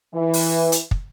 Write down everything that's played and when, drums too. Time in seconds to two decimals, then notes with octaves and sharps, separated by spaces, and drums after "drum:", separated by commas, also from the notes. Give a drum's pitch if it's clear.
0.14 E3
0.33 drum: open hi-hat
0.72 drum: hi-hat
0.91 drum: kick